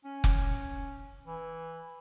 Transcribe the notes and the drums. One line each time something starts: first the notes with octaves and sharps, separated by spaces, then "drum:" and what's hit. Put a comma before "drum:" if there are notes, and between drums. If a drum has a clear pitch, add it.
C#4
drum: kick F1
E3